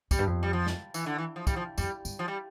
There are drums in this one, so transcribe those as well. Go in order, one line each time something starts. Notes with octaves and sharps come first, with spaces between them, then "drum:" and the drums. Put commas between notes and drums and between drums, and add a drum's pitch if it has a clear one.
F2 G3, drum: kick, tambourine
G2
F2
G3
F3
drum: snare
E3, drum: tambourine
D3
E3
F3
G3, drum: kick, tambourine
F3
F2 G3, drum: tambourine
G2, drum: tambourine
F3
G3